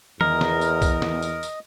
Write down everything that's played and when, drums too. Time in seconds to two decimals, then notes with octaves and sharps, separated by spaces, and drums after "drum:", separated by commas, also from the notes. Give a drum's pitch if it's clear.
0.21 E2 A#4 D#5, drum: tom
0.41 drum: snare
0.61 drum: tambourine
0.82 drum: kick, tambourine
1.02 drum: snare
1.22 drum: tambourine
1.43 drum: tambourine